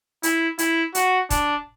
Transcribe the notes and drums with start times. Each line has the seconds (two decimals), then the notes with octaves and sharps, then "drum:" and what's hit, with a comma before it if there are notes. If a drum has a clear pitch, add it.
0.23 E4, drum: hi-hat
0.58 E4, drum: hi-hat
0.95 F#4, drum: hi-hat
1.30 D4, drum: kick D#1, hi-hat